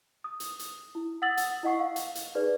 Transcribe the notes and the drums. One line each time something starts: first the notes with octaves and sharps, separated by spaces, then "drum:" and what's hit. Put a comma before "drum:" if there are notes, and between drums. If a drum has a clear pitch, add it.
D#6
drum: hi-hat
drum: hi-hat
E4
F#5 D#6 E6 A6 F#7
drum: hi-hat
E4 D#5 F#5 C#6 C7
F5
drum: hi-hat
drum: hi-hat
D#4 G#4 B4 D5